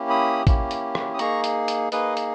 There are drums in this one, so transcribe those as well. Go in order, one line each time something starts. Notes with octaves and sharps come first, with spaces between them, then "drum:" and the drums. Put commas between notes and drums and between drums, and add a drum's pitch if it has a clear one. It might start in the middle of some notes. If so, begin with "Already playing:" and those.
Already playing: A#3 C#4 E4 G4
B5 D#6
A#3 C#4 E4 G4, drum: kick, hi-hat
drum: hi-hat
drum: rim click
D#6
A#3 D#4 G#4 A#5 C#6, drum: hi-hat
drum: hi-hat
drum: hi-hat
A#3 D#4 G#4 B4 D#5, drum: hi-hat
drum: hi-hat